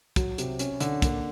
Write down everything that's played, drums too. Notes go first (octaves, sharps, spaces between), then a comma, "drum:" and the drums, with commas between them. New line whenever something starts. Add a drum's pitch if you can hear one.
F#3, drum: kick, hi-hat
C3, drum: hi-hat
C#4, drum: hi-hat
D3, drum: hi-hat
A#3, drum: kick, hi-hat